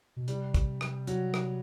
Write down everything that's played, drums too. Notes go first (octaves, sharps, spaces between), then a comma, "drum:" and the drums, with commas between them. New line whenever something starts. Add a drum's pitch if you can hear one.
B2
C3 G3, drum: hi-hat
drum: kick, hi-hat
drum: rim click
F#3, drum: hi-hat
drum: rim click